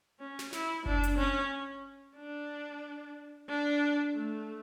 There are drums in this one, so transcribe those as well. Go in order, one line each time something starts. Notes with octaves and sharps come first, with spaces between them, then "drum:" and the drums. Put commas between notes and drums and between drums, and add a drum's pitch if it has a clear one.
C#4
drum: snare
E4, drum: snare
D4, drum: kick F#1
drum: hi-hat
C#4
D4
D4
A3